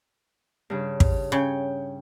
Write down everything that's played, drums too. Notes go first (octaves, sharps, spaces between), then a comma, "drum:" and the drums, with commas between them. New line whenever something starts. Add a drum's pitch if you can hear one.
G2 C#3
drum: kick
C#3 C#5 G5